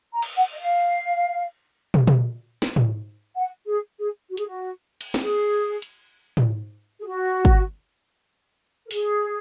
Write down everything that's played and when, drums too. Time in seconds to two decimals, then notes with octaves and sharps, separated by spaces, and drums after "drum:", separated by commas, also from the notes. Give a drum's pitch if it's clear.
0.12 A#5
0.22 drum: cymbal
0.36 F#5
0.51 D#5
0.59 F5
1.94 drum: tom
2.07 drum: tom
2.62 drum: snare
2.76 drum: tom
3.37 F#5
3.67 G#4
3.98 G#4
4.29 F#4
4.37 G#4, drum: hi-hat
4.47 F#4
5.01 drum: cymbal
5.14 A#4, drum: snare
5.21 G#4
5.82 drum: hi-hat
6.37 drum: tom
6.99 G#4
7.06 F#4
7.45 drum: kick
8.86 A#4
8.91 G#4, drum: open hi-hat